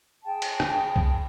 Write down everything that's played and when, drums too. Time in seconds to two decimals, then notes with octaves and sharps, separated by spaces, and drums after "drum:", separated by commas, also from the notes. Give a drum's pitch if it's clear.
0.24 G#4 G5 A5
0.42 drum: cymbal
0.60 drum: rim click
0.96 drum: kick C2